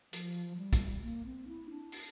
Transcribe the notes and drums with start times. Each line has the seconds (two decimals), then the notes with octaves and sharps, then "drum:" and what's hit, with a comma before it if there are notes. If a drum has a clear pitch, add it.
0.13 F3, drum: hi-hat
0.58 G3
0.73 drum: kick, hi-hat
1.02 A#3
1.25 C4
1.48 E4
1.70 D4
1.92 drum: open hi-hat